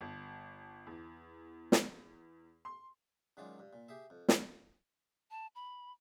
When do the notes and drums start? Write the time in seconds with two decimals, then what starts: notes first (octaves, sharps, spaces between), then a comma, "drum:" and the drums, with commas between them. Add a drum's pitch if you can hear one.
0.01 G1
0.87 E2
1.72 drum: snare
2.65 C6
3.37 F#2 D#3 F#3 G#3 F4 D5
3.59 G2
3.73 A#2
3.88 G4 G#4 E5
4.10 F2
4.29 drum: snare
5.31 A5
5.55 B5